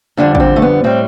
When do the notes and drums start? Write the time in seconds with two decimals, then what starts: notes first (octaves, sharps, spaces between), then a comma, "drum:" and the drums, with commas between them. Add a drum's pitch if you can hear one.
0.17 F2 D3 G3 D4
0.35 D4, drum: kick A1
0.40 C4
0.56 A3
0.62 B3
0.84 A2 G3 C4